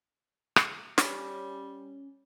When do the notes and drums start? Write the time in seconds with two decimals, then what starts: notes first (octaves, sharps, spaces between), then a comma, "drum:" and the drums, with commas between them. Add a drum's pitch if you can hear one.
0.56 drum: rim click
0.98 G3 C#4, drum: snare